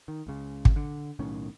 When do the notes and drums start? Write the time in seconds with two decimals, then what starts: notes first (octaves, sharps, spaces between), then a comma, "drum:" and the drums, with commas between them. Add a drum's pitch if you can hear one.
0.08 D#3
0.27 C#2 C#3
0.65 drum: kick
0.76 D3
1.19 B1 A2 D#3 C#4